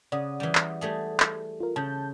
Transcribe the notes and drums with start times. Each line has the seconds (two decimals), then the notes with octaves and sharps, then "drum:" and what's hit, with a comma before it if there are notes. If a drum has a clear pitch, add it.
0.12 C#3 D5 F#5 D#6
0.40 E3 G3
0.55 drum: clap
0.81 G3 A3 G#4
1.20 drum: clap
1.60 F4 A#4
1.76 C#3 A5 G6